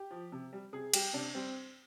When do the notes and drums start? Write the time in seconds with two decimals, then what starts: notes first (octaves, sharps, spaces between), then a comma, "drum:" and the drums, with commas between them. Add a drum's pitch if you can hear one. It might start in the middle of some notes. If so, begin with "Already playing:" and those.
Already playing: G4
0.11 F3
0.32 C3
0.53 G3
0.73 C3 G#4
0.94 G3 G4, drum: cymbal
1.13 C3 D4
1.34 G3 C4